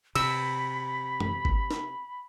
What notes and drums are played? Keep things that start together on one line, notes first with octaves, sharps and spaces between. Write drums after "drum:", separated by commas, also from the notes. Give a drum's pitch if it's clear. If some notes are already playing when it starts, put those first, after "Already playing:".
C3 B5 E6, drum: cymbal
drum: tom F#2
drum: kick G#1
drum: snare